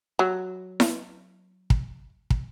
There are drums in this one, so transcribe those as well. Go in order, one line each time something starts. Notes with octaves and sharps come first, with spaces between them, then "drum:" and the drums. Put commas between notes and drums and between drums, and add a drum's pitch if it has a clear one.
F#3
drum: snare E4
drum: kick
drum: kick